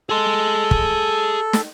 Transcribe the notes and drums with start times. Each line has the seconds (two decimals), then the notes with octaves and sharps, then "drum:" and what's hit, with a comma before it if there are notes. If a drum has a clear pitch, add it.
0.09 G#4 A4 C6
0.71 drum: kick
1.53 drum: snare